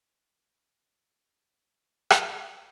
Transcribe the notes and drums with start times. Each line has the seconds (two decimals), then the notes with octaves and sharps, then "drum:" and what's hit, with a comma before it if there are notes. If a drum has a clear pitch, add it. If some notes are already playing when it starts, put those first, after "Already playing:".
Already playing: D#4
0.18 A#3
0.57 C4
0.82 D4
1.08 D4
1.27 F4
1.35 D#4
2.10 drum: rim click